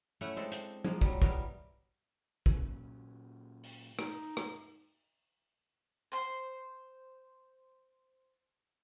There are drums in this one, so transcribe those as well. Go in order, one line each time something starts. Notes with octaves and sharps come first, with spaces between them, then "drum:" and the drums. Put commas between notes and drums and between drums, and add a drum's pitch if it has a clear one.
A3 C#4 E4 F#5
G#3 C4 D4 A4
C5, drum: hi-hat
F3 G#3 A#3, drum: tom F#3
F#3 G3, drum: kick
G3 B3 E4 A#4, drum: kick
A#2 F#3 C#4, drum: kick
drum: open hi-hat
D#4, drum: rim click
drum: rim click
C5 C6